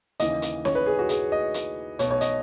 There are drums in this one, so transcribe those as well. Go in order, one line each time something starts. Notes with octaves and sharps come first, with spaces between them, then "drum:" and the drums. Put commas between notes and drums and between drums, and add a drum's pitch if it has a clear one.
D#2 C#3 E3 D#5, drum: hi-hat
drum: hi-hat
C#5, drum: snare C#4
B4
G#4
F#4
G#4, drum: hi-hat
D#5
drum: hi-hat
B1 B2 C#5, drum: hi-hat
C#5
D#5, drum: hi-hat